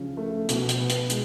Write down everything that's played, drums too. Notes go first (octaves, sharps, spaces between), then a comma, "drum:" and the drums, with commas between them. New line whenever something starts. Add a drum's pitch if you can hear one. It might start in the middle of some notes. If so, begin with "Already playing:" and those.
Already playing: C#2 C#3 F3
A3
B2, drum: hi-hat
drum: hi-hat
B3
drum: hi-hat
G#3, drum: hi-hat